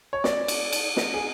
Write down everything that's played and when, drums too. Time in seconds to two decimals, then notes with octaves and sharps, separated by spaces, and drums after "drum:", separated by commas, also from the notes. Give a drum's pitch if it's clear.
0.13 C#5
0.24 D5, drum: snare
0.48 drum: cymbal
0.73 drum: cymbal
0.97 drum: snare
1.13 G#4